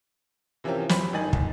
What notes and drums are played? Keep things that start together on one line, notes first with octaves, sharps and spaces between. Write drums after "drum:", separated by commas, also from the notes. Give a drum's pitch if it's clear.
C3 E3 F3 A#3 C#4 G4
F#2 C#4 G4 B5 B6, drum: snare
G1 D#3 D#4 G#5 A6 F#7
B1, drum: kick